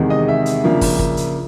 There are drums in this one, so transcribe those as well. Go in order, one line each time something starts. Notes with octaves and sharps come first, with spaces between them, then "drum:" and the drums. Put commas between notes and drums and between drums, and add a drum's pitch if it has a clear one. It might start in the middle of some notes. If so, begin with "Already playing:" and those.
Already playing: E2 C3 D#3 G#3
D#5
E5
drum: hi-hat
C#3 F3 A#3 D4
drum: kick, open hi-hat
drum: kick
drum: hi-hat